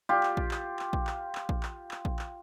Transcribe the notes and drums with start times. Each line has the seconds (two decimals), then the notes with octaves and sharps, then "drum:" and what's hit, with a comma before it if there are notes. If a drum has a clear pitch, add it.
0.09 F4 G4
0.23 drum: clap
0.37 drum: kick A#1
0.51 drum: clap
0.79 drum: clap
0.93 drum: kick A#1
1.07 drum: clap
1.35 drum: clap
1.49 drum: kick A#1
1.63 drum: clap
1.91 drum: clap
2.05 drum: kick A#1
2.19 drum: clap